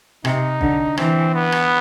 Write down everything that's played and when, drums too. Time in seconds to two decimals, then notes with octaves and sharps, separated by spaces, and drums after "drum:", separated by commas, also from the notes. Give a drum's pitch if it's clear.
0.25 C3 D#4, drum: rim click
0.61 D3, drum: kick B1
0.97 E3 C4, drum: rim click
1.34 B3
1.52 drum: rim click